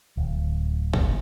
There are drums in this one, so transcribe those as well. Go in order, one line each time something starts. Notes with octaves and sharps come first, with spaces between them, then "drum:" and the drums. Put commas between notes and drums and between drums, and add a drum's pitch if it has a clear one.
D1
drum: kick G1